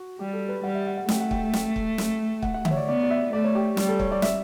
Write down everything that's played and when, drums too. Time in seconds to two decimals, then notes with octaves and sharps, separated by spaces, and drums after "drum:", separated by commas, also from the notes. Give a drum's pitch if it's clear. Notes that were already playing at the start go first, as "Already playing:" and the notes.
Already playing: F#4
0.19 G3 G4
0.33 A4
0.49 B4
0.63 G3 F#5
0.74 E5
0.87 F#5
0.98 F#5
1.09 A3 G5, drum: snare
1.20 F#5
1.31 G5, drum: kick
1.53 G5, drum: snare
1.76 drum: kick
1.98 drum: snare
2.42 F#5, drum: kick
2.54 F#5
2.65 E5, drum: tom D3
2.71 C#5
2.77 D5
2.88 B3 D5
3.04 D5
3.10 E5
3.33 A3 D5
3.44 C#5
3.55 G4
3.77 G3 G4, drum: snare
3.89 A4
4.00 C#5, drum: kick
4.12 D5
4.22 E5, drum: snare